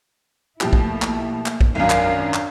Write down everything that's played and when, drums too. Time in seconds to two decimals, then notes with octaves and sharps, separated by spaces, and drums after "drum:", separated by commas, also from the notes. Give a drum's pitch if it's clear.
0.61 B2 F3 A3 A#3 E4 G4, drum: clap
0.73 drum: kick A#1
1.02 drum: clap
1.46 drum: clap
1.61 drum: kick A#1
1.75 G#1 F#2 D4 A#4 F5
1.90 drum: clap
2.34 drum: clap